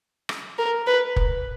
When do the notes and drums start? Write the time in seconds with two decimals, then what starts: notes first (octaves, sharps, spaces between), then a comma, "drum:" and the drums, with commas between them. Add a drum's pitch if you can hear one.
0.29 drum: rim click
0.59 A#4
0.87 B4
1.16 drum: kick